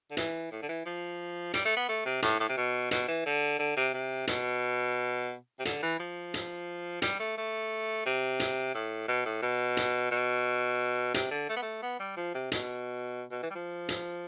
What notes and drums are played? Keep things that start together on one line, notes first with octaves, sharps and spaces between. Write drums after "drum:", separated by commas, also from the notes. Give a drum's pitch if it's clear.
D3
E3, drum: hi-hat
A2
D3
E3
F3
G3, drum: hi-hat
A3
B3
A3
C3
A2, drum: hi-hat
A2
C3
B2
B2, drum: hi-hat
E3
D3
D3
C3
C3
B2, drum: hi-hat
C3
D3, drum: hi-hat
E3
F3
drum: hi-hat
G3, drum: hi-hat
A3
A3
C3
drum: hi-hat
A2
B2
A2
B2
drum: hi-hat
B2
C3, drum: hi-hat
D3
A3
B3
A3
B3
G3
F3
C3
B2, drum: hi-hat
B2
E3
G3
F3
drum: hi-hat